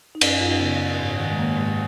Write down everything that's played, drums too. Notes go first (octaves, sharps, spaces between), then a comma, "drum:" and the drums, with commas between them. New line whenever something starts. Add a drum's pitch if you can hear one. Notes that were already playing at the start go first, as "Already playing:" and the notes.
D#4
F#2 C#4, drum: cymbal
F#2 F4
D#4
C#4
C#3 B3
F#2
G#2
D#3
G#3
D#3 A#3
G#2 G#3